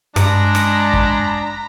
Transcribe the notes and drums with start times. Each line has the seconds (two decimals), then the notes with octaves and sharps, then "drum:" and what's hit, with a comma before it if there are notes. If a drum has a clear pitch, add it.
0.16 G2 G#3 D4 A#5 B5, drum: rim click
0.55 drum: rim click
0.93 drum: kick